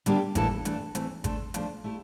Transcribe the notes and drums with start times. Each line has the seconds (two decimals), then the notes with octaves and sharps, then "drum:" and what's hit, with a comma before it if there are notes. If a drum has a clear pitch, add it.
0.06 D3 G3 A#3 D4 G4, drum: hi-hat
0.35 A2 E3 A#3 E4 A4, drum: kick G#1, hi-hat
0.65 E3 A3 D4, drum: hi-hat
0.95 E3 A3 C4, drum: hi-hat
1.24 A3 D4 A4 C5, drum: kick G#1, hi-hat
1.54 F3 A3 D4 A4 C5, drum: hi-hat
1.84 A3 E4 G4